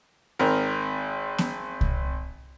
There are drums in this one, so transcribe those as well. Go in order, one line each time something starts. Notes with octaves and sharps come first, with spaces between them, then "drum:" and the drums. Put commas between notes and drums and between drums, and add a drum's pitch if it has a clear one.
G#1 C4 A#4
drum: snare B3
drum: kick C2